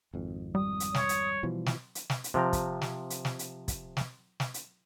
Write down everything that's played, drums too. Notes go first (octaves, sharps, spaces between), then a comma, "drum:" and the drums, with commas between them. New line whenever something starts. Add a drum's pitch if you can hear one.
G#1 F2
G3 D#6
drum: hi-hat
C#5, drum: snare
drum: hi-hat
B2 E3 F3
drum: snare
drum: hi-hat
drum: snare
drum: hi-hat
C3 F3 G5 A#5
drum: kick, hi-hat
drum: snare
drum: hi-hat
drum: snare
drum: hi-hat
drum: kick, hi-hat
drum: snare
drum: snare
drum: hi-hat